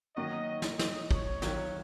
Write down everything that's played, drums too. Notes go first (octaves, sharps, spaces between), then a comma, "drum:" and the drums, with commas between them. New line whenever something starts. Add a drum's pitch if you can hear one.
D#3 F#3 A#3 C#4 F#4 D#5
drum: snare
D#5, drum: snare
C#5, drum: kick
F2 D#3 F#3, drum: snare